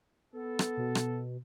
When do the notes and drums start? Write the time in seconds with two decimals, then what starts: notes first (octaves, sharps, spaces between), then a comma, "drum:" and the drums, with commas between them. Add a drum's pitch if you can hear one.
0.34 B3 A4
0.59 drum: rim click
0.77 B2
0.95 drum: rim click